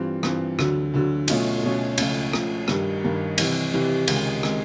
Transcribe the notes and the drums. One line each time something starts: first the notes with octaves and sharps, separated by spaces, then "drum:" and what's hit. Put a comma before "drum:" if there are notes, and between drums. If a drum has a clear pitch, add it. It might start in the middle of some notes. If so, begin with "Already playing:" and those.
Already playing: G2 E3 G3 C4 F4
G2 E3 G3 C4 F4, drum: rim click
D2 D3 F#3, drum: rim click
D2 D3 F#3
B2 F#3 A3 C#4 F4, drum: cymbal
B2 F#3 A3 C#4 F4
C#2 C#3 F3 A3, drum: cymbal
C#2 C#3 F3 A3, drum: rim click
G2 D#3 G3, drum: rim click
G2 D#3 G3
C3 E3 G3, drum: cymbal
C3 E3 G3
C#2 C3 D#3 G#3, drum: cymbal
C3 D#3 G#3, drum: rim click